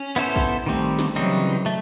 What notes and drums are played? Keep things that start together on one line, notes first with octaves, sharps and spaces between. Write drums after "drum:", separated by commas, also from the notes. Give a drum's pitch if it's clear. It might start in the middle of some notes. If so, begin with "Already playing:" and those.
Already playing: C#4
B3 E4 A4 C5
drum: kick A#1
D#3 G3 A3 C4
drum: snare
C#3 E3 F#3 G3 C4 D#4
drum: open hi-hat
A3